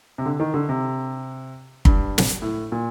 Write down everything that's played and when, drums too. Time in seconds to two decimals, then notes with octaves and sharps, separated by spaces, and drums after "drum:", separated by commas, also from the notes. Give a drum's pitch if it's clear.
0.18 C3
0.26 D3
0.40 D#3
0.54 D3
0.69 C3
1.85 G2, drum: kick
2.18 drum: snare
2.42 A2
2.72 A#2